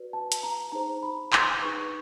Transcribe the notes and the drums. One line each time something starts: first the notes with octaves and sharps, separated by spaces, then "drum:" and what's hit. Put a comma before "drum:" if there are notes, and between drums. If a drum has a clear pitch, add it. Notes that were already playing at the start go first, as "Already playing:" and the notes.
Already playing: F#4 B4 D5
A5
drum: hi-hat
A#5
D#4 G#4 C5 A#5
B5
C6, drum: clap
D#4 G#4 B4 C#6